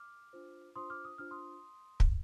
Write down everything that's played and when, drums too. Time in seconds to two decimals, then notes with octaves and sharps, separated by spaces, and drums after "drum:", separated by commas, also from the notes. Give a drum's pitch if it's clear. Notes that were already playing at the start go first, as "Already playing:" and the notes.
Already playing: D6 F6
0.33 D4 F4 C5
0.76 D4 F4 C5 C6 D#6
0.90 D6 F6
1.04 D#6
1.18 D4 F4 C5 F6
1.31 C6 D#6
2.00 drum: kick